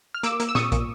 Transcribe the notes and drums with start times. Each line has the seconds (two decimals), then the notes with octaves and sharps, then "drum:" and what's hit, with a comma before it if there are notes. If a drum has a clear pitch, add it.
0.14 F6
0.23 A#3 D6 E6, drum: hi-hat
0.40 A#3, drum: hi-hat
0.49 E6
0.55 A#2 C#6 D#6, drum: snare
0.72 A#2, drum: kick, hi-hat